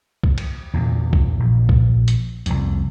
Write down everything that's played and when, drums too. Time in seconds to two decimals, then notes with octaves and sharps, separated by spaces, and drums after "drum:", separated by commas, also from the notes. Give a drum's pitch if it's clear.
0.23 drum: kick B1
0.38 drum: cymbal
0.74 E2 A#2 D3
1.13 drum: kick B1
1.40 A#1
1.69 drum: kick B1
2.08 drum: hi-hat
2.46 C2 F2, drum: hi-hat